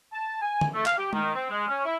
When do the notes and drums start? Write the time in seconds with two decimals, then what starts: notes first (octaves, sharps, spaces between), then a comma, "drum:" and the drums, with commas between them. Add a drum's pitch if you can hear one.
0.13 A5
0.41 G#5
0.61 drum: tom D3
0.74 A3
0.86 F5, drum: clap
0.98 G4
1.13 D#3, drum: tom G#3
1.35 C4
1.50 G#3
1.68 C#4
1.85 E4